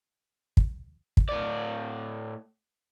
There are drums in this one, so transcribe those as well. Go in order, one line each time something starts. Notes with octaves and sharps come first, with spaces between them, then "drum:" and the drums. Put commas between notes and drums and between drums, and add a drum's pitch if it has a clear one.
drum: kick
drum: kick
A2 D5